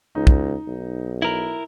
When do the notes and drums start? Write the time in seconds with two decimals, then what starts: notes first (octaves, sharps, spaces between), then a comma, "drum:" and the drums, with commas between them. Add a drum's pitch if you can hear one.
0.15 C#2 D#4
0.27 drum: kick
0.68 B1
1.22 E4 A#4 F#7